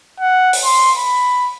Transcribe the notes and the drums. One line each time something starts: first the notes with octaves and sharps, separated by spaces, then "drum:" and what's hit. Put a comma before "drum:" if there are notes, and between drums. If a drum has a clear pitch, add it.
F#5
drum: open hi-hat
C6
B5